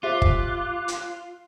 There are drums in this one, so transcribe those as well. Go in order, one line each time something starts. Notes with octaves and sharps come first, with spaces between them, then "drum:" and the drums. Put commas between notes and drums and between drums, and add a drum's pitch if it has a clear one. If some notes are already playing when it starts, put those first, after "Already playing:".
F4 G4 C5 E5 D6 F#6
drum: kick
drum: hi-hat